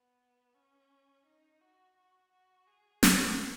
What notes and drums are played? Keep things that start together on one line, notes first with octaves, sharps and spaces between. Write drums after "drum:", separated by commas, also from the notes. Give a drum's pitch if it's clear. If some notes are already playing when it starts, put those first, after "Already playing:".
Already playing: B3
C#4
D#4
F#4
F#4
F#4
G#4
F#4, drum: snare